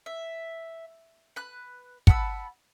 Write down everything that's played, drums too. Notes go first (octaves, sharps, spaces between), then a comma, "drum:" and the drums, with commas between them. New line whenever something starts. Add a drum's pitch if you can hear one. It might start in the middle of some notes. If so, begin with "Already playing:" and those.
E5
B4 F#6
F#5 A5 B5 E6, drum: kick